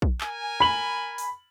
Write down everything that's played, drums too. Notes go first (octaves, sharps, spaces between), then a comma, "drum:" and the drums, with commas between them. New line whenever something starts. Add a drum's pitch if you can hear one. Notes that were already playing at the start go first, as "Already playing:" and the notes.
drum: kick A#1
A#4 G#5, drum: clap
B5 F#7
drum: open hi-hat